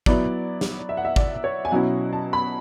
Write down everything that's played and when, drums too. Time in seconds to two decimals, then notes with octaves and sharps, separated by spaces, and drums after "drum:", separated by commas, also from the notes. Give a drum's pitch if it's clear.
0.06 F#3 B3 E4 D5, drum: kick
0.61 drum: snare
0.89 E5
0.97 F#5
1.05 E5
1.16 D5, drum: kick
1.44 C#5
1.65 G#5
1.71 B2 F#3 C#4 E4 F#5
2.13 A5
2.33 B5